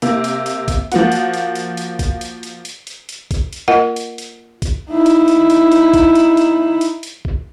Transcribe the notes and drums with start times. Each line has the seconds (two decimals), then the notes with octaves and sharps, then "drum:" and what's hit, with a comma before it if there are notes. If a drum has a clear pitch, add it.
0.02 C3 A#3, drum: hi-hat
0.24 drum: hi-hat
0.46 drum: hi-hat
0.68 drum: kick, hi-hat
0.92 F3 A#3 F#4, drum: hi-hat
1.12 drum: hi-hat
1.34 drum: hi-hat
1.55 drum: hi-hat
1.77 drum: hi-hat
1.99 drum: kick, hi-hat
2.21 drum: hi-hat
2.43 drum: hi-hat
2.65 drum: hi-hat
2.87 drum: hi-hat
3.09 drum: hi-hat
3.31 drum: kick, hi-hat
3.53 drum: hi-hat
3.68 A#3 F4 A#4 D#5 F#5
3.96 drum: hi-hat
4.18 drum: hi-hat
4.62 drum: kick, hi-hat
4.92 D#4 E4
5.06 drum: hi-hat
5.28 drum: hi-hat
5.50 drum: hi-hat
5.72 drum: hi-hat
5.93 drum: kick, hi-hat
6.15 drum: hi-hat
6.37 drum: hi-hat
6.81 drum: hi-hat
7.03 drum: hi-hat
7.25 drum: kick